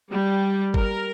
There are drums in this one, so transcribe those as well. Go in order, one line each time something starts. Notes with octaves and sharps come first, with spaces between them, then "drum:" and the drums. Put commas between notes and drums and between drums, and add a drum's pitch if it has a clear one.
G3
A#4, drum: kick G1